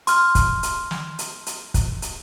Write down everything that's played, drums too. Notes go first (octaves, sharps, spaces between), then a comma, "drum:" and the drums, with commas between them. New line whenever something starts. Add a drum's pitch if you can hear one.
C6 F6, drum: hi-hat
drum: kick, hi-hat
drum: hi-hat
drum: snare
drum: hi-hat
drum: hi-hat
drum: kick, hi-hat
drum: hi-hat